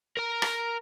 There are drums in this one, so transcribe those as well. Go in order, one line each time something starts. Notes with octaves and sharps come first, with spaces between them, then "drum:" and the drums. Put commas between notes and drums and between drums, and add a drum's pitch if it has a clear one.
A#4 A#5
drum: rim click